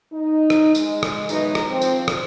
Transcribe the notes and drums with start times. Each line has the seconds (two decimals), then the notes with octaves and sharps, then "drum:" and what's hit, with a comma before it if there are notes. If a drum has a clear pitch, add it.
0.11 D#4
0.50 drum: rim click
0.75 G#3, drum: tambourine
1.03 drum: rim click
1.29 B2 D#3 E3 F#3 D#4, drum: tambourine
1.55 drum: rim click
1.69 F3 C4
1.82 drum: tambourine
2.08 drum: rim click